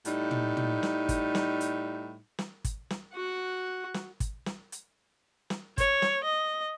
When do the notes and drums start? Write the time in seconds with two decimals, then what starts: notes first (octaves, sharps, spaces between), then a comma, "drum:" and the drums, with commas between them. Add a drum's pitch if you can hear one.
0.05 A2 G3 D#4, drum: hi-hat
0.31 drum: tom
0.57 drum: tom
0.83 drum: snare
1.09 drum: kick, hi-hat
1.35 drum: snare
1.61 drum: hi-hat
2.39 drum: snare
2.64 drum: kick, hi-hat
2.90 drum: snare
3.13 F#4 F#5
3.94 drum: snare
4.20 drum: kick, hi-hat
4.46 drum: snare
4.72 drum: hi-hat
5.50 drum: snare
5.78 C#5, drum: kick, hi-hat
6.02 drum: snare
6.24 D#5